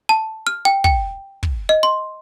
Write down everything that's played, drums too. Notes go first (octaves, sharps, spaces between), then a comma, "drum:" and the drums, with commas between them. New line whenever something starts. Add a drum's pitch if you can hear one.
A5
F6
G5
G5, drum: kick
drum: kick
D#5
C6